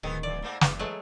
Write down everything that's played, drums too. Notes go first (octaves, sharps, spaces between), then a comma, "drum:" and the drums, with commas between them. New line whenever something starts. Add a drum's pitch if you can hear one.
D1 D#3 B3 C4 G#4
E2 D5
G#2 A3 A#3
F#1 E2 B4, drum: snare
F#3 G#3 A3